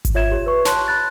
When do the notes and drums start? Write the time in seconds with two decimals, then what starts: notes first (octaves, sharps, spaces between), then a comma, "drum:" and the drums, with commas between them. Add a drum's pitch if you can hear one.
0.05 drum: kick G#1, hi-hat
0.15 F4 C#5 E5 G#6 E7
0.32 G4 C#5
0.46 B4 C#6
0.65 C#5 A5 C6 F#6, drum: snare
0.88 B5 F#6 A6